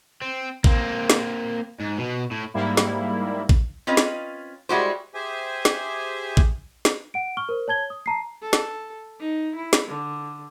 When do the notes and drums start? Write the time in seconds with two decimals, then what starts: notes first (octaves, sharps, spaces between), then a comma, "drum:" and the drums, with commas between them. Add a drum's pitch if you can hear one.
0.22 C4
0.64 A#3 C4, drum: kick A1
1.10 drum: snare
1.80 G#2
1.98 B2
2.31 A2
2.54 G#2 G3 A#3 E4
2.77 drum: snare
3.49 drum: kick A1
3.87 C4 C#4 F4 B4 D#5
3.97 drum: snare
4.69 G3 G#3 E4 F#4 G4 C5
5.14 G4 G#4 C5 E5 G#5
5.65 drum: snare
6.37 drum: kick A1
6.85 drum: snare
7.14 F#5 D7
7.37 C#6 F6 G7
7.49 A#4 C5
7.68 C#5 A5 G#6 G7
7.90 D#6
8.06 A5 A#5 C7
8.42 A4
8.53 drum: snare
9.20 D#4
9.55 E4
9.73 drum: snare
9.88 D3